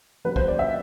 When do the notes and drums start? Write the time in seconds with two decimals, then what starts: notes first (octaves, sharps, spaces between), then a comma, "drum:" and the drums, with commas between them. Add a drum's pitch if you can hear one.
0.25 D#2 C#3 F#3 B4
0.36 C5, drum: kick
0.48 D5
0.59 E5